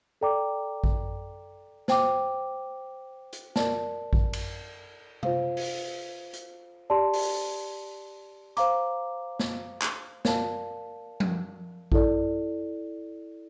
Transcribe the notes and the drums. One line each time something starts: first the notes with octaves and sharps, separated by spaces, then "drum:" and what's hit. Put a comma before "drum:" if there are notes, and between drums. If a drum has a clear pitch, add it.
A4 D5 G5 A#5 D6
drum: kick A1
C5 G5 D6, drum: snare
drum: hi-hat
A#4 D5 A5, drum: snare
drum: kick A1
drum: cymbal
F4 C5 F5, drum: tom C3
drum: open hi-hat
drum: hi-hat
G4 D5 A5 C6
drum: open hi-hat
C5 F5 A#5 D6, drum: hi-hat
drum: snare
drum: clap
A#4 D5 F5 A5, drum: snare
drum: tom F3
E4 A4 D5, drum: kick A1